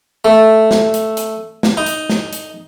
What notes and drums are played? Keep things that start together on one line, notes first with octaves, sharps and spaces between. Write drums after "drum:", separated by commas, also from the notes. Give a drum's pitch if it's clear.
A3
drum: snare
drum: hi-hat
drum: hi-hat
drum: snare
D#4
drum: hi-hat
drum: snare
drum: hi-hat